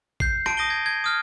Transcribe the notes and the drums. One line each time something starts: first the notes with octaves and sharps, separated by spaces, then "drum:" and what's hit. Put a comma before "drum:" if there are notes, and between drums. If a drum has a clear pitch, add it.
G6 C7, drum: kick
A5 D7, drum: rim click
D#6 A#6 D#7 G7
G#6
G#6
D#6 F6 G#6